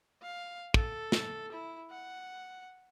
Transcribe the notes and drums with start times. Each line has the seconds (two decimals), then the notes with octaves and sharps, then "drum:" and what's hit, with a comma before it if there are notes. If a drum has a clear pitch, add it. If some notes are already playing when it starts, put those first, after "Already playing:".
0.22 F5
0.74 A4, drum: kick
1.12 drum: snare
1.52 E4
1.91 F#5